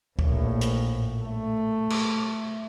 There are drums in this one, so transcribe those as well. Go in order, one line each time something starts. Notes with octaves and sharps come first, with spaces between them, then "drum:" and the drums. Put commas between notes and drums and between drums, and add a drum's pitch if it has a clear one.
A#1 A2, drum: kick
drum: hi-hat
A3
drum: cymbal